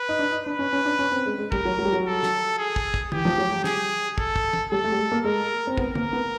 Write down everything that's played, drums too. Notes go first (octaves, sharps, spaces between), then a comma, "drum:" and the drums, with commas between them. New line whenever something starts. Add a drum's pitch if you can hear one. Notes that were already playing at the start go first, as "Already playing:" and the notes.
Already playing: B4
D#4
D4
D#4
D4 B4
C#4
C#4
D4
C#4
C4
G#3
G#3
G3 A#4, drum: kick
F#3
F#3
G3
F#3
A4
drum: snare
G#4
drum: kick
drum: kick
E3 G4, drum: tom
F3
F#3
G3
G#4, drum: snare
A4, drum: kick
drum: kick
drum: tom
G3 A4
A3
G3
G#3
A#3
G#3 A#4
C4
B3 A#4, drum: kick
A#3, drum: tom
B3